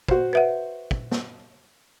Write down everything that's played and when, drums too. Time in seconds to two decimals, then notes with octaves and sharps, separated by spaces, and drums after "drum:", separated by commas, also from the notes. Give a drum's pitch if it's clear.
0.08 F#4 C5, drum: kick
0.33 B4 E5 F#5
0.91 drum: kick
1.11 drum: snare